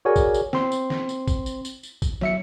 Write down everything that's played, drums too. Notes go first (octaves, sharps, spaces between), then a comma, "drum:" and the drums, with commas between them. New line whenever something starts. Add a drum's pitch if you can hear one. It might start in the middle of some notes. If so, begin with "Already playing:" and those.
F#4 G#4 A#4 C#5 D5 G#5
drum: kick, tambourine
drum: tambourine
C4 C6, drum: snare
drum: tambourine
drum: snare
drum: tambourine
drum: kick, tambourine
drum: tambourine
drum: tambourine
drum: tambourine
drum: kick, tambourine
F#3 E5 C#7, drum: snare